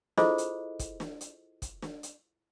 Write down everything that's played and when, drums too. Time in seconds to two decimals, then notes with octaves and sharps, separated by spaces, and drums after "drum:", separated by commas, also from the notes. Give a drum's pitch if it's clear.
0.18 E4 F4 G#4 A4 C5 D#5, drum: snare
0.38 drum: hi-hat
0.79 drum: kick, hi-hat
1.00 drum: snare
1.21 drum: hi-hat
1.62 drum: kick, hi-hat
1.82 drum: snare
2.03 drum: hi-hat